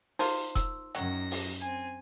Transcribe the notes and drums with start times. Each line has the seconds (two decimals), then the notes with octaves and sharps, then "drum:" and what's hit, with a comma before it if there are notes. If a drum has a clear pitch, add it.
0.19 D#4 F4 A#4 C5, drum: open hi-hat
0.55 E6, drum: kick E1, hi-hat
0.95 F#2 D#3 F#3 A#6, drum: hi-hat
1.31 drum: open hi-hat
1.60 C4 G#5